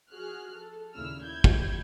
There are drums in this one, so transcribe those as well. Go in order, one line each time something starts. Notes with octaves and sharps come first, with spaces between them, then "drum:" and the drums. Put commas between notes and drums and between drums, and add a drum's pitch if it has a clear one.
F3 F#4 G#4 F6 F#6
A4
D#2 A#2 C#3 E4 E6 F6
E4 G6 G#6
drum: kick